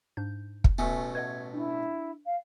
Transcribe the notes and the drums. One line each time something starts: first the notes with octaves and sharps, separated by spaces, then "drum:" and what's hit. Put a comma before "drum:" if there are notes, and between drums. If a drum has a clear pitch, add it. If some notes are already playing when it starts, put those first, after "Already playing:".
G#2 D4 G6
drum: kick
A1 B2 A3 B3 G#5
B4 D#5 F#5 G#6
D4 E4
F5